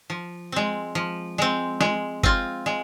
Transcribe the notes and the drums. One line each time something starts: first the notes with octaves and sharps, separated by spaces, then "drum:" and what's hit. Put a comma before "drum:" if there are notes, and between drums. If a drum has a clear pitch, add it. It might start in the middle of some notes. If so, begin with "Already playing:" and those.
F3
G#3 C4
F3
G#3 C4
G#3, drum: snare
C4 F4, drum: kick
G#3